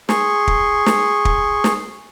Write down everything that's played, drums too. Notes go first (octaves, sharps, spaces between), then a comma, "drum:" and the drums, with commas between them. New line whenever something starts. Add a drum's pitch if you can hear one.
G#4 C6 C#6, drum: snare
drum: kick
drum: snare
drum: kick
drum: snare